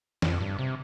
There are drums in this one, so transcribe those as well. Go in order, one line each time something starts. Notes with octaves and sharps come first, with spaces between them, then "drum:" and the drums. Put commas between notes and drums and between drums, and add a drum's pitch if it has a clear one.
F2, drum: snare
G2
C3